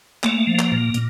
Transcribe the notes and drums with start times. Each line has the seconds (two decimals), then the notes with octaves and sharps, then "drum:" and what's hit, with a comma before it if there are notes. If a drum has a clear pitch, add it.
0.24 A3 A#3, drum: clap
0.47 F3
0.59 drum: clap
0.72 A#2
0.94 A#2, drum: hi-hat